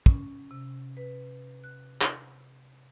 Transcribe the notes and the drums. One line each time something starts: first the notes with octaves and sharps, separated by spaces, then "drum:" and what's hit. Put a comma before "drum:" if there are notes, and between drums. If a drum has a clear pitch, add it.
C#4, drum: kick
C3
B4
F#6
drum: clap